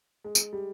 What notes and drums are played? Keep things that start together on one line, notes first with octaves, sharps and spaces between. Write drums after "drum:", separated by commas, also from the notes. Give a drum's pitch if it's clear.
G#3
drum: tambourine
G3